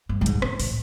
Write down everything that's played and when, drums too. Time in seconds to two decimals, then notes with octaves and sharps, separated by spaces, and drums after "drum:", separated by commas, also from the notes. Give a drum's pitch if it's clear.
0.09 G2
0.21 A2
0.26 G#2, drum: hi-hat
0.42 G#2, drum: rim click
0.60 A2, drum: open hi-hat